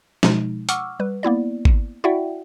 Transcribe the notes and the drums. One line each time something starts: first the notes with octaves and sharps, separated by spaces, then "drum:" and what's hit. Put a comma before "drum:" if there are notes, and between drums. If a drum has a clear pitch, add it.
B2 F3 G#3 D#4, drum: snare
F#5 C#6 D6 E6 F6, drum: hi-hat
G3 B4
A#3 B3 E4 D5
drum: kick
E4 F#4 D5 E5 F#5 G5